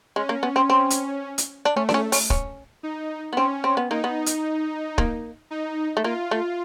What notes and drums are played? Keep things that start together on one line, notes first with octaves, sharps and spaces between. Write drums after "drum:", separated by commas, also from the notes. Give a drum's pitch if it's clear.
G#3 C#4
A#3
B3
C4
C4
drum: hi-hat
drum: hi-hat
D4
A3 C#4
D4, drum: snare C#4
C#4
C#4, drum: open hi-hat
C#4, drum: kick
D#4
B3
C4 C#4
C4
B3
A#3 D#4
B3
drum: hi-hat
A#3, drum: kick
D#4
A3
A#3 F4
A3